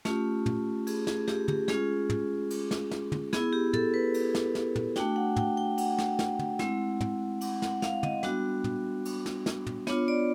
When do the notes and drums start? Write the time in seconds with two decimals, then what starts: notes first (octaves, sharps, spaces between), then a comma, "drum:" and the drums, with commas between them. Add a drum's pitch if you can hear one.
0.05 A3 C#4 F4 G4, drum: snare
0.46 drum: tom
0.87 G#4, drum: cymbal
1.07 G#4, drum: snare
1.28 G4, drum: snare
1.48 G4, drum: tom
1.68 G#3 C#4 F4 G#4, drum: snare
2.10 drum: tom
2.50 drum: cymbal
2.71 drum: snare
2.91 drum: snare
3.12 drum: tom
3.33 B3 E4 G#4, drum: snare
3.53 G4
3.73 A4, drum: tom
3.94 B4
4.14 drum: cymbal
4.35 drum: snare
4.55 drum: snare
4.76 drum: tom
4.96 A3 D4 F#4 G5, drum: snare
5.16 F#5
5.36 G5, drum: tom
5.57 G5
5.78 F#5, drum: cymbal
5.98 drum: snare
6.19 drum: snare
6.39 drum: tom
6.59 G#3 C4 E4, drum: snare
7.01 drum: tom
7.41 F#5, drum: cymbal
7.62 F#5, drum: snare
7.82 F5, drum: snare
8.03 D#5, drum: tom
8.23 G3 B3 D4 F#4, drum: snare
8.64 drum: tom
9.05 drum: cymbal
9.26 drum: snare
9.46 drum: snare
9.67 drum: tom
9.87 B3 D4 F4 C#5, drum: snare
10.08 D5